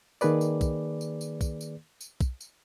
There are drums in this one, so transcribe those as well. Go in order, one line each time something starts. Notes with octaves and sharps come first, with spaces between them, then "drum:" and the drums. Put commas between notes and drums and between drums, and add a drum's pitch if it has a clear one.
D#3 A#3 G#4 B4 D5, drum: tambourine
drum: tambourine
drum: kick, tambourine
drum: tambourine
drum: tambourine
drum: kick, tambourine
drum: tambourine
drum: tambourine
drum: kick, tambourine
drum: tambourine